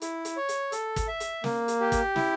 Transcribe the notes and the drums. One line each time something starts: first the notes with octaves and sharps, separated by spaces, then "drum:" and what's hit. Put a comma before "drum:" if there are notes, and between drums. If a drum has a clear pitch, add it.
E4, drum: hi-hat
drum: hi-hat
C#5
drum: hi-hat
A4, drum: hi-hat
drum: kick, hi-hat
E5
drum: hi-hat
A#3, drum: snare
drum: hi-hat
G4
drum: kick, hi-hat
E4, drum: snare